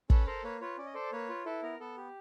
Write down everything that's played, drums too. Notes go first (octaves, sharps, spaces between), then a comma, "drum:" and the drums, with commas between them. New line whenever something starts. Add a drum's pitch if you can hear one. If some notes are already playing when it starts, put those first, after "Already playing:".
C#4 A4 B4, drum: kick
A4 A#4 C5
A#3 B4 C#5
F4 B4 C#5
C#4 D5
D#5
A4 C5 D5
A#3 B4 C#5
F4
E4 A4 B4
B3 A#4
B3 A4
G4